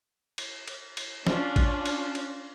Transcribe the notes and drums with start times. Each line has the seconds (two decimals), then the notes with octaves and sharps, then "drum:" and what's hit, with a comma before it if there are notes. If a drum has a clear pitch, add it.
0.38 drum: cymbal
0.68 drum: cymbal
0.97 drum: cymbal
1.27 C#4 D4 F4, drum: snare
1.56 drum: kick, cymbal
1.86 drum: cymbal
2.15 drum: cymbal